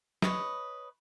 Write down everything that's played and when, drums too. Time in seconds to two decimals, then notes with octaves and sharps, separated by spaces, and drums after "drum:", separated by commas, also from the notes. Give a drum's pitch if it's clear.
0.22 B4 C#5 D#5, drum: snare